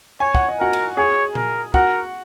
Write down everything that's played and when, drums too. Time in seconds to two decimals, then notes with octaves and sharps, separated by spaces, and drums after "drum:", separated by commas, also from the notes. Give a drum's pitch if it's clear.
0.20 C#5 G#5
0.35 F#5, drum: kick
0.49 D#5
0.60 F#4 A#4 F#5
0.73 drum: cymbal
0.97 G#4 C#5 G#5
1.35 A#4, drum: tom A#2
1.74 F#4 A#4 F#5, drum: kick